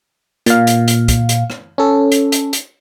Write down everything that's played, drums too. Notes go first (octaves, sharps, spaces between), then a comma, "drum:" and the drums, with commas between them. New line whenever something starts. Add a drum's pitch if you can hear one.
A#2 F5, drum: hi-hat
drum: hi-hat
drum: hi-hat
drum: kick, hi-hat
drum: hi-hat
drum: rim click
C#4 A4
drum: hi-hat
drum: hi-hat
drum: hi-hat